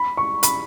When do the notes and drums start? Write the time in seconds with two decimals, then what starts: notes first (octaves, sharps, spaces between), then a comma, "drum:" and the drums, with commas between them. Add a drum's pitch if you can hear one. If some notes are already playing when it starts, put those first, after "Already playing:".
Already playing: B5
0.17 C#6
0.43 B5, drum: hi-hat